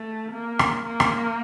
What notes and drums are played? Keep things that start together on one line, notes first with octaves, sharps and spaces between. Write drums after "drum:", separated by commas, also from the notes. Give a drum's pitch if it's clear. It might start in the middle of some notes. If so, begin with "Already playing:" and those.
Already playing: A3
A#3
drum: rim click
A#3
drum: rim click